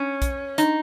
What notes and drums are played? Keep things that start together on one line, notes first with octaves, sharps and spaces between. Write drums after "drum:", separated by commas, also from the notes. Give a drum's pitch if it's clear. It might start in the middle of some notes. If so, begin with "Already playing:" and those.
Already playing: C#4
drum: kick B1, hi-hat
D#4, drum: hi-hat